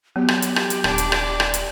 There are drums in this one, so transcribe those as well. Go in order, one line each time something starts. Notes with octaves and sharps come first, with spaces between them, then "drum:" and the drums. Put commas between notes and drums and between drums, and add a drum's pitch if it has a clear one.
F#3 B3 G4
drum: rim click
drum: hi-hat
drum: rim click
drum: hi-hat
D#1 D4 D5, drum: rim click
drum: hi-hat
drum: rim click
drum: rim click
drum: hi-hat